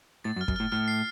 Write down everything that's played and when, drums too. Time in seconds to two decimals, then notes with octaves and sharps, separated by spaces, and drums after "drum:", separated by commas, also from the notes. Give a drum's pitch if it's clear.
0.24 A2 A6
0.36 F#2
0.41 F6
0.48 F#2, drum: kick
0.56 A2 F6
0.72 A2 F6
0.88 C7